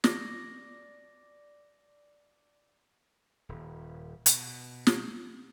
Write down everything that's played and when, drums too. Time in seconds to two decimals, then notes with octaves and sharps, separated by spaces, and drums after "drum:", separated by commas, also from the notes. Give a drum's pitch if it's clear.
0.04 D5 A#6, drum: snare
3.49 D#1
4.26 B2, drum: hi-hat
4.87 drum: snare